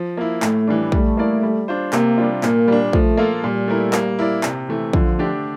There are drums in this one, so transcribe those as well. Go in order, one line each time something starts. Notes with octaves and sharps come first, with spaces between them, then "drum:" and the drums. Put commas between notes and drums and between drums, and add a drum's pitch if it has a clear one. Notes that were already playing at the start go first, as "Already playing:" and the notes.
Already playing: F3
A#3 E4
A2 A3, drum: clap
E3 G3 D4
G3 A3, drum: kick
A#3 E4 A#4 D5
G3
D4 F4 C5
C3 A#3, drum: clap
G3 D4 F4
A#2 A#3, drum: clap
G3 D4
F3 A3, drum: kick
A#3 F4 A4
A#2 G3
A3 E4 A#4
A#3, drum: clap
E4 A#4 D5
C3, drum: clap
E3 A3
D3 F3, drum: kick
A3 D4 G4 D5